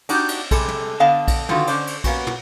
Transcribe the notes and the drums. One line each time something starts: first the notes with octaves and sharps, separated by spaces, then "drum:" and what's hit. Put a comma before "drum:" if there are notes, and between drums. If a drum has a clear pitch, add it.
D4 D#4 F#4 G4 D5, drum: cymbal
drum: cymbal
C3 G3 G#3 A4, drum: kick A#1, cymbal
drum: tom
D3 B3 D#5 F5 A5
drum: kick A#1, cymbal
D3 D#3 B3 F4 F#4, drum: tom
D3 C#4 D4 C5 D5, drum: cymbal
drum: cymbal
A#3 B3 C#4 F#4, drum: kick A#1, cymbal
drum: tom